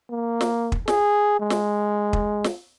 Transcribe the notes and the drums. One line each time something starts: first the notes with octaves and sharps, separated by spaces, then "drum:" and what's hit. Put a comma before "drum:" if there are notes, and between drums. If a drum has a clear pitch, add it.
A#3
drum: snare
drum: kick
G#4, drum: snare
G#3
drum: snare
drum: kick
drum: snare